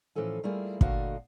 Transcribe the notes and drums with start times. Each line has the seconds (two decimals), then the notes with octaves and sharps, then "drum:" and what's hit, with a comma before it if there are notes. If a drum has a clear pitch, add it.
0.15 A2 E3 F3 C#4 A4 G#5
0.44 G3 A3 A#3 E4 F4 G#4
0.81 A#2 D3 A3 F#4 D#5 F5, drum: kick